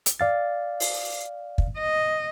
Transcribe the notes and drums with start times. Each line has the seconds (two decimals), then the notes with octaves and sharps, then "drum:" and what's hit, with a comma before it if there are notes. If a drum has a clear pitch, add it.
0.06 drum: hi-hat
0.20 D5 F5 A6
0.80 drum: open hi-hat
1.58 drum: kick
1.77 D#5